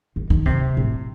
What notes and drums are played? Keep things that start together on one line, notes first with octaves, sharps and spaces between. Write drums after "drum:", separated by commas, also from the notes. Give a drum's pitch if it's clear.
D#3
D#3, drum: kick
C3, drum: kick
A2